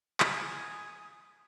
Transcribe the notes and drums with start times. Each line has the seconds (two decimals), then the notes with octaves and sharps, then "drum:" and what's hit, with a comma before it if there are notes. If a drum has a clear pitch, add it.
0.20 G#5 D#6, drum: clap